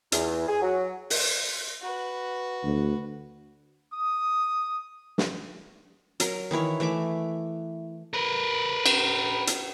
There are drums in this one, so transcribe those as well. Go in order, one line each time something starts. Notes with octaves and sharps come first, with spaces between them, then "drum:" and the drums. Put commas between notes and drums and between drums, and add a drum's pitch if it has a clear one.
E2, drum: hi-hat
G#4
F#3
drum: open hi-hat
F#4 B4
D2
D#6
drum: snare
F#3 A#4, drum: hi-hat
D#3 E3 E4 C#5
E3 A3 E5 D6
A#4 B4
drum: cymbal
drum: hi-hat